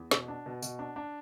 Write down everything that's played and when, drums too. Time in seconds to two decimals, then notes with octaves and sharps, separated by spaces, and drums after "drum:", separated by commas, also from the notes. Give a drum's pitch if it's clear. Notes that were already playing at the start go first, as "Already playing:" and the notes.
Already playing: E2
0.11 B2, drum: snare
0.28 D4
0.46 B2
0.62 B2, drum: tambourine
0.79 D4
0.96 D4